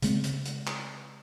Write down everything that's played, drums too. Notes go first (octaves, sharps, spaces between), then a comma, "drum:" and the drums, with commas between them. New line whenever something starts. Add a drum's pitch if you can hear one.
C#3 G#3 C4, drum: hi-hat
drum: hi-hat
drum: hi-hat
drum: clap